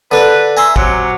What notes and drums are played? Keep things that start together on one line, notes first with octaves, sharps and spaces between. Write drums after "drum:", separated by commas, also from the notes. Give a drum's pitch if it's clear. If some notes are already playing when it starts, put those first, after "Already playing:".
D3 D4 B4
E5 G#5 A#5 C6
C3 F#3, drum: kick G#1